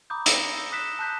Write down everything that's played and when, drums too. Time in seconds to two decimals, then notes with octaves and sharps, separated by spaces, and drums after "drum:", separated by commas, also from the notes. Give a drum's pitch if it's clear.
0.10 A#5 B5 D6 D#6 G6
0.26 E6 A#6 G7, drum: hi-hat
0.39 C#7
0.72 D#6 F#6 B6 E7
0.99 A5 F#6 G6 B6